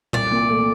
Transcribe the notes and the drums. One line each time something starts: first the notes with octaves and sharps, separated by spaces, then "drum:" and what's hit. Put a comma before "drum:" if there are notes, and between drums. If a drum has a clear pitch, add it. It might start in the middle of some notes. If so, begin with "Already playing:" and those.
C2 D5, drum: tom
A#2
A3